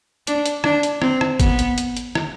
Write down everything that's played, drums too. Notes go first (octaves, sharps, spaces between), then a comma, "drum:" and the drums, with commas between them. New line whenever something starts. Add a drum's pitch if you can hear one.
D4, drum: hi-hat
drum: hi-hat
D4, drum: rim click
drum: hi-hat
C4, drum: rim click
drum: rim click
B3, drum: kick, hi-hat
drum: hi-hat
drum: hi-hat
drum: hi-hat
drum: rim click